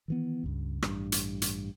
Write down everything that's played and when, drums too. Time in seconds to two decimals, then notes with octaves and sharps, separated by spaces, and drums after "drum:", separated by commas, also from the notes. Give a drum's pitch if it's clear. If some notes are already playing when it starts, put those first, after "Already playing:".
0.08 D#3 E3 B3
0.44 C#2 G2
0.82 A1 G2, drum: rim click
1.12 drum: hi-hat
1.42 drum: hi-hat